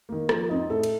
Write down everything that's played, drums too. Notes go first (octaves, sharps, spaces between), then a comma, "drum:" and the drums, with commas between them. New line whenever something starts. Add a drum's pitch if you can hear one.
D#3 A#3
F3, drum: rim click
C4 D#4
A2 A4
drum: cymbal